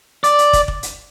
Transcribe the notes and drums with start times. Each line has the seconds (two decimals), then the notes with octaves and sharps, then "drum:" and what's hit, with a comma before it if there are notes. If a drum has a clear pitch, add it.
0.24 D5, drum: hi-hat
0.39 drum: hi-hat
0.53 drum: kick, hi-hat
0.68 drum: kick
0.83 drum: hi-hat